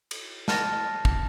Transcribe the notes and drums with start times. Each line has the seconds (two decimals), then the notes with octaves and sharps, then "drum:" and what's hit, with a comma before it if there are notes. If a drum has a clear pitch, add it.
0.11 drum: cymbal
0.48 A5 F6 A6 A#6, drum: snare
1.05 drum: kick